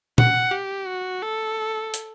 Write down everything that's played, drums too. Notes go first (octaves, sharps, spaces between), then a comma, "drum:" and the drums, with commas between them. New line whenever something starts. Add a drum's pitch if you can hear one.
F#5, drum: tom
G4
F#4
A4
drum: hi-hat